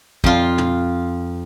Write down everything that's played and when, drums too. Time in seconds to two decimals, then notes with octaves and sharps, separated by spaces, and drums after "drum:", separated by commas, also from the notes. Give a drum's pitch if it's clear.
0.24 F2 F4, drum: kick
0.58 drum: tom